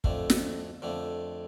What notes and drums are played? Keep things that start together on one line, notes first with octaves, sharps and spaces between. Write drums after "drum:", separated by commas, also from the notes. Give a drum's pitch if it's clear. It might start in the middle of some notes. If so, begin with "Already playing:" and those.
F2 D3 A3, drum: kick
drum: snare
F2 D3 A3